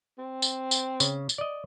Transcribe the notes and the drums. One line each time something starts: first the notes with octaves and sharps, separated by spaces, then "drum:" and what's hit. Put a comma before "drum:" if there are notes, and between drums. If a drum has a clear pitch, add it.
C4
drum: tambourine
drum: tambourine
C#3, drum: tambourine
drum: tambourine
D5 D#5